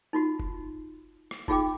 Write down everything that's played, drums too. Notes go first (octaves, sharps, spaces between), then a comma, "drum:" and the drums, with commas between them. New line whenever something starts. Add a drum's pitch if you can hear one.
D#4 F4 F#4
drum: kick F1
drum: rim click
D#4 F4 G#4 F5 G5 D6, drum: kick F1